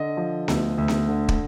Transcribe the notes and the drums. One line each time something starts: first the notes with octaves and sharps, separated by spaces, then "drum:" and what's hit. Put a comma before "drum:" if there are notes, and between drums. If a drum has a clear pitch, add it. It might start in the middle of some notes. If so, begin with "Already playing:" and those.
Already playing: D3 D#5
F3
D2, drum: snare B3
D2
drum: snare B3
D3
drum: kick